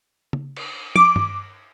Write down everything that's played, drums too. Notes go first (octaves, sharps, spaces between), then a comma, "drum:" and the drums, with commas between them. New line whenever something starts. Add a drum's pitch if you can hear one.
drum: tom C#3
drum: cymbal
D6, drum: tom
drum: tom G2